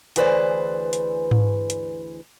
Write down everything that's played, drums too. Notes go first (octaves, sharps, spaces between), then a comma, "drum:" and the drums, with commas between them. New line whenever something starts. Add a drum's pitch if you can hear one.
D2 E3 G#4 B4 C5 D5, drum: hi-hat
drum: hi-hat
drum: tom G#2
drum: hi-hat